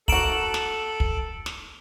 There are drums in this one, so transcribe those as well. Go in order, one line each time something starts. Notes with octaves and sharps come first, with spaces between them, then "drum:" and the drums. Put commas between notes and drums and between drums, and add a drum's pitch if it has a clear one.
A#3 F#4 A4 D7 E7 F#7, drum: kick
drum: snare
drum: kick
drum: snare